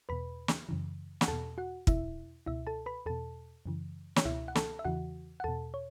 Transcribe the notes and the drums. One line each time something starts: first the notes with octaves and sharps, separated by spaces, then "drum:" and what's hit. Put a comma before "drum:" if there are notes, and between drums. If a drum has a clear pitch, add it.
E2 B2 B4 B5
drum: snare
F#2 C#3 E3
F#5, drum: snare
E2 B2 A4 A5
F#4 F#5
E2 B2 E4 E5, drum: kick
C#2 B2 E4 E5
A4 A5
B4 B5
E2 B2 A4 A5
F#2 C#3 E3
C#5, drum: snare
C#2 B2 E4 E5
F#5
A4 A5, drum: snare
E5
E2 C#3 E3 F#4 F#5
F#5
E2 B2 A4 A5
C#5